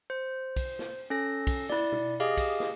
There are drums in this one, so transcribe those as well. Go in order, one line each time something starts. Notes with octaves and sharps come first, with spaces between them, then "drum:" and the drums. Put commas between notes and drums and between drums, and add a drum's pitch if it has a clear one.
C5
drum: kick, cymbal
drum: snare
C#4 A4 A#6
drum: kick, cymbal
E4 D5, drum: snare
drum: tom B2
G4 G#4 D#5 F5
drum: kick, cymbal
drum: snare